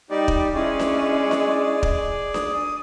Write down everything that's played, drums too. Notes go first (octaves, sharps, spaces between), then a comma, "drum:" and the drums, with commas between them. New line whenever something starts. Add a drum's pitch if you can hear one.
G3 D#4 G4 D5
drum: kick
G#3 C#4 E4 G#4 D5 C#6
drum: snare D4
drum: snare D4
drum: kick
D#6, drum: snare D4